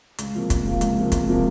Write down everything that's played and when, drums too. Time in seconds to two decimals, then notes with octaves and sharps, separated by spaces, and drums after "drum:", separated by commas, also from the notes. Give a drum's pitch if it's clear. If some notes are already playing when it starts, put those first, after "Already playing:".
0.19 C#2, drum: hi-hat
0.35 C3 F3 A#3
0.50 C#2, drum: kick, hi-hat
0.66 C3 F3 A#3
0.81 C#2, drum: hi-hat
0.97 C3 F3 A#3
1.12 C#2, drum: kick, hi-hat
1.27 C3 F3 A#3